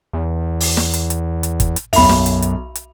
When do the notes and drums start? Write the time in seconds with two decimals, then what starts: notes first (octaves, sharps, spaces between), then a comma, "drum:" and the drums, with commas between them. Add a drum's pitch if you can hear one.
0.13 E2
0.60 drum: open hi-hat
0.77 drum: snare
0.94 drum: hi-hat
1.10 drum: hi-hat
1.43 drum: hi-hat
1.60 drum: kick G1, hi-hat
1.76 drum: hi-hat
1.93 B1 F#2 E5 B5 F7, drum: open hi-hat
2.09 drum: snare
2.26 drum: hi-hat
2.42 drum: hi-hat
2.75 drum: hi-hat